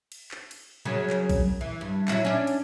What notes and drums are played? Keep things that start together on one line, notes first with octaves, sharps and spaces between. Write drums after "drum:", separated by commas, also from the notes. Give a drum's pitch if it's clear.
drum: cymbal
drum: clap
drum: cymbal
F#2 C#3 F#3
drum: clap
drum: kick B1, cymbal
E3
G2
F#3 E4 F#4, drum: clap
C#4 D4
drum: cymbal